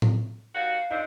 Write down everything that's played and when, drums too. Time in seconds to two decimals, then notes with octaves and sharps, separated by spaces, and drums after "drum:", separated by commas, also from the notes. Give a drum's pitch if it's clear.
0.02 drum: tom A2
0.55 D#3 G3 F#4 F5
0.90 F2 D3 C4 D#4